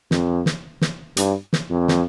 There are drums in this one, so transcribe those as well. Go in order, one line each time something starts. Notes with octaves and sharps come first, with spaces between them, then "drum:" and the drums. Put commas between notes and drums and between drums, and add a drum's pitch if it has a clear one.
F2, drum: snare
drum: snare
drum: snare
G2, drum: hi-hat
drum: snare
F2
drum: snare